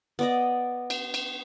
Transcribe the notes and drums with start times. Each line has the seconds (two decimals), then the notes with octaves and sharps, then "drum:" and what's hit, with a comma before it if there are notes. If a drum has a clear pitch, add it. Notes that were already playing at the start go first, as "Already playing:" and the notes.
0.19 B3 D5 D#5
0.90 drum: cymbal
1.14 drum: cymbal